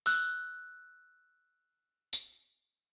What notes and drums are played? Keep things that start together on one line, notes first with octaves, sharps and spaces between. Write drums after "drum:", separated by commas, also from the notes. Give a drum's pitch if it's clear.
E6 F#6, drum: open hi-hat
drum: tambourine